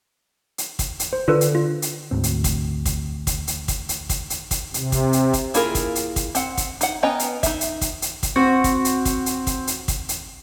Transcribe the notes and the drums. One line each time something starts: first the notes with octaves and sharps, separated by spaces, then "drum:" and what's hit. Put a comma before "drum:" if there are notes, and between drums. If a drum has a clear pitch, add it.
drum: hi-hat
drum: kick, hi-hat
drum: hi-hat
C5
D3 F4 A4 B4
drum: hi-hat
F4
drum: hi-hat
D2 G#2 C4
drum: hi-hat
drum: kick, hi-hat
drum: kick, hi-hat
drum: kick, hi-hat
drum: hi-hat
drum: kick, hi-hat
drum: hi-hat
drum: kick, hi-hat
drum: hi-hat
drum: kick, hi-hat
C3, drum: hi-hat
drum: kick, hi-hat
drum: hi-hat
drum: kick, hi-hat
A#3 E4 F4 G#4 A#4, drum: hi-hat
drum: kick, hi-hat
drum: hi-hat
drum: kick, hi-hat
C4 F#5, drum: hi-hat
drum: kick, hi-hat
D#4 F#5, drum: hi-hat
B3 C#4 D#5 G5 A#5
drum: hi-hat
D#4 E5, drum: kick, hi-hat
drum: hi-hat
drum: kick, hi-hat
drum: hi-hat
drum: kick, hi-hat
C4 F#4
drum: kick, hi-hat
drum: hi-hat
drum: kick, hi-hat
drum: hi-hat
drum: kick, hi-hat
drum: hi-hat
drum: kick, hi-hat
drum: hi-hat